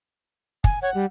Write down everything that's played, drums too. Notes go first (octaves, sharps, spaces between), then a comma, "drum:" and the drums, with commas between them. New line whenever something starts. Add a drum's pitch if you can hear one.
G#5, drum: kick
C#5 F#5
G3